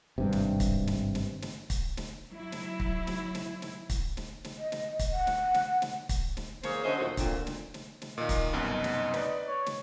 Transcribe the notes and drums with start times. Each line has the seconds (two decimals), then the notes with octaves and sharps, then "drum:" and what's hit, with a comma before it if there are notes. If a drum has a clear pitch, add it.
0.18 G#1 G2 C3
0.32 drum: snare
0.60 drum: kick, hi-hat
0.87 drum: snare
1.15 drum: snare
1.42 drum: snare
1.70 drum: kick, hi-hat
1.97 drum: snare
2.33 F#3 E4
2.52 drum: snare
2.80 drum: kick
3.07 drum: snare
3.35 drum: snare
3.62 drum: snare
3.90 drum: kick, hi-hat
4.17 drum: snare
4.45 drum: snare
4.58 D#5
4.72 drum: snare
4.99 drum: kick, hi-hat
5.13 F#5
5.27 drum: snare
5.54 drum: snare
5.82 drum: snare
6.09 drum: kick, hi-hat
6.37 drum: snare
6.63 E3 A#3 G#4 C5 C#5, drum: snare
6.84 D3 F#3 C#4 C5 D#5 E5
6.98 D2 A#2 D#3 F#4 A4 C5
7.17 A#2 D3 C4, drum: kick, hi-hat
7.47 drum: snare
7.74 drum: snare
8.02 drum: snare
8.18 A#2 D#3 D#5
8.29 drum: kick, hi-hat
8.53 C2 F#2 B2 D#4
8.84 drum: snare
9.14 B4 D5, drum: snare
9.48 C#5
9.66 drum: snare